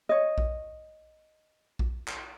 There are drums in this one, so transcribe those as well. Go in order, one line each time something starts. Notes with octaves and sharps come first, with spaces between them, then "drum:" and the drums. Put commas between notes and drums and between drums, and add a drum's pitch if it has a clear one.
C#5 D#5
drum: kick A#1
drum: kick A#1
drum: clap